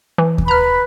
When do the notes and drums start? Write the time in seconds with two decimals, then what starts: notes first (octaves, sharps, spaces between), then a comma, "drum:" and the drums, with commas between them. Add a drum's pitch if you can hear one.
0.18 E3
0.38 drum: kick D#2
0.48 B4 A#5 B5 F6